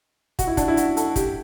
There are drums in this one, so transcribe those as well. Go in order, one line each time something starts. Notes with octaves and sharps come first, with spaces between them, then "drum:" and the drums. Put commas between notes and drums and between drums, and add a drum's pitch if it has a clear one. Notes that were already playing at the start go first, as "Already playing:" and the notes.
F#4, drum: kick, hi-hat
E4
D4, drum: kick, hi-hat
E4
F#4, drum: hi-hat
A4, drum: hi-hat
G4, drum: kick, hi-hat